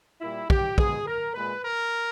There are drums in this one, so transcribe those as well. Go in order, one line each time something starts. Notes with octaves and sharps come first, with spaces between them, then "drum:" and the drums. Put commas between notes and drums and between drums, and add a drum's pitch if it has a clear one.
A#2 G3 A#3 E4
G4, drum: kick
B2 G#3 G#4, drum: kick
A#4
A#2 G#3 B4
A#4